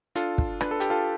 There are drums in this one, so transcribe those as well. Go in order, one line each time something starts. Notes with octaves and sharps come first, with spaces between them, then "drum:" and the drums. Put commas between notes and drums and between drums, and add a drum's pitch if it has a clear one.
D4 F4 A4, drum: hi-hat
drum: kick
D4 B4, drum: rim click
A4
G4, drum: hi-hat
F4 A4